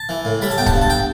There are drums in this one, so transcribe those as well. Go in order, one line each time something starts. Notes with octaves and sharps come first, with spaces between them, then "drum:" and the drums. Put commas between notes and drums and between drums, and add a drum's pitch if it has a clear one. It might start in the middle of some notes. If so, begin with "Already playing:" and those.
Already playing: A5
E3
A2
G3 B5
A5
B3 G5
A5, drum: kick
G2
A5
G5